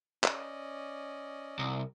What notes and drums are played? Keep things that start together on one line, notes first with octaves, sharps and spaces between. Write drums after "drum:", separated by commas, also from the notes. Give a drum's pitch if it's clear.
C#4 D5 D#5, drum: clap
C2